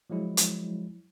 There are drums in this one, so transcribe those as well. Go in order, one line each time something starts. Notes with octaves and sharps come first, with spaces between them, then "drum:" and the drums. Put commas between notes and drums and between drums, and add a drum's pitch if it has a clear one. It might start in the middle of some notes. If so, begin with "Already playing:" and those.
F3 F#3 G#3 E4
drum: hi-hat